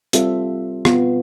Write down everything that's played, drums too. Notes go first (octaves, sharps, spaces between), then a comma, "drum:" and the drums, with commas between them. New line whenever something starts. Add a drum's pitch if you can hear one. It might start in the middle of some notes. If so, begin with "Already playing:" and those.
G3 C4 F4 A4 E5, drum: hi-hat
B2 B3 F4, drum: rim click